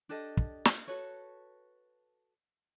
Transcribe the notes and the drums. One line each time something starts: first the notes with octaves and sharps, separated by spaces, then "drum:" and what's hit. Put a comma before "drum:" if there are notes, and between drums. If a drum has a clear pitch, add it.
D4 G4 A4 D#5
drum: kick
drum: snare
F#4 A4 B4 C#5